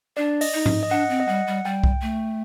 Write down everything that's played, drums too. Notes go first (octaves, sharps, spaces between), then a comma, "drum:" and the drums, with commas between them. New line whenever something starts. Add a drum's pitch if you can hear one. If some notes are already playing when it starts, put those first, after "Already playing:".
D4 D5
D#5, drum: open hi-hat
D#4
D#5, drum: tom G#2
D#5
D4 F#5
C4
D#5
G3 F#5
G3
G3 G5
drum: kick C2
A3